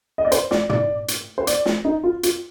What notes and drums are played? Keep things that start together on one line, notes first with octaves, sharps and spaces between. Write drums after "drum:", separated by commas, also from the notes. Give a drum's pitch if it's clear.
D#5
D5
C5, drum: hi-hat
D5, drum: snare
D5, drum: tom
drum: hi-hat
C5
D5, drum: hi-hat
drum: snare
D#4
F4
F4, drum: hi-hat